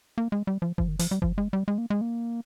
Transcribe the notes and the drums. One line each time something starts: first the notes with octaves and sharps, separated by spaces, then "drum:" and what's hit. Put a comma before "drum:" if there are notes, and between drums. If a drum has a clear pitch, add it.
A#3
G#3
G3
F3
F3, drum: kick F#1
D#3
F3, drum: open hi-hat
G3
F3, drum: kick F#1
G#3
G3
G#3
A#3
G#3
A#3